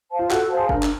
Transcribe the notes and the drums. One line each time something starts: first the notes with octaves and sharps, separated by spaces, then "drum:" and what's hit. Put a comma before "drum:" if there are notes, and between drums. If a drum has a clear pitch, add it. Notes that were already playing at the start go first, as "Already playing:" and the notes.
C5 F5 A5
F4
F#4 A4, drum: clap
C5 F5 A5
G#4
D4 A#4, drum: kick
drum: clap